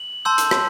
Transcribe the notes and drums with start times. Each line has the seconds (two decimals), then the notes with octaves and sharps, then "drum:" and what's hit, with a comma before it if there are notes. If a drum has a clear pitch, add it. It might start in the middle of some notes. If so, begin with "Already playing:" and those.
Already playing: F#7
0.25 A5 C6 E6 G6
0.38 drum: hi-hat
0.51 drum: rim click